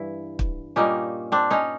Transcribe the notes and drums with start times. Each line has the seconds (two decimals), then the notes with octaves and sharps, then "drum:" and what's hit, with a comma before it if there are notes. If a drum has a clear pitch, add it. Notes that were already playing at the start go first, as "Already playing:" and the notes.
Already playing: G2 E3 E4
0.39 drum: kick
0.76 A#2 G3 A#3 C#4 D#4
1.32 C4 D4
1.51 C#4 D#4